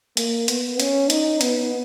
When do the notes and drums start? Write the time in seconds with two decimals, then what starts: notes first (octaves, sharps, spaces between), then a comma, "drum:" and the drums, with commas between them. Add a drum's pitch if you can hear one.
0.17 A#3, drum: hi-hat
0.48 B3, drum: hi-hat
0.80 C#4, drum: hi-hat
1.10 D#4, drum: hi-hat
1.41 B3, drum: hi-hat